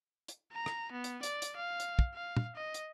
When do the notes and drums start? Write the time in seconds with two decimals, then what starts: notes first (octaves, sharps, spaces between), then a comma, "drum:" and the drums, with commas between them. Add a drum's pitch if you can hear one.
0.28 drum: hi-hat
0.52 A#5
0.66 drum: rim click
0.92 B3
1.04 drum: hi-hat
1.23 D5, drum: hi-hat
1.42 drum: hi-hat
1.56 F5
1.80 drum: hi-hat
1.99 drum: kick
2.14 F5
2.37 drum: tom
2.55 D#5
2.74 drum: hi-hat